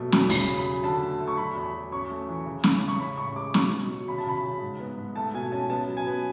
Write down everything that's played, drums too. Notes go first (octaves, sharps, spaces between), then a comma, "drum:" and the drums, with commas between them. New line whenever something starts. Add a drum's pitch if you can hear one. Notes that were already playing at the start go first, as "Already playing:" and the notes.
Already playing: F#2 B2 A3
E2, drum: snare
C#3 B5, drum: open hi-hat
F#3
B5
F#3
D3 A5
A3
A3
C#6
F#3 B5
E2
F#3
C#4 C#6
A3
E3
C#3
C#3, drum: snare
C#3
C#6
C#4 B5
A2 C#6
G#3 D6
B2 C#6, drum: snare
B2
F#3
C#3 B5
A5
C#3 B5
C#3
G#2
B3
G#2
A3 A5
B2 G#5
C#4 A5
B3 A5
F#3
G#5
B3